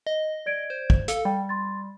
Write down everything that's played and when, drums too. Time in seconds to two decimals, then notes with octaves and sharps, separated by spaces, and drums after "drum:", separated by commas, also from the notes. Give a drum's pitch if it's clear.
0.07 D#5
0.46 D5 G#6 D7
0.70 C5
0.90 drum: kick
1.08 A4 F5, drum: hi-hat
1.25 G3 G5
1.49 C6 A6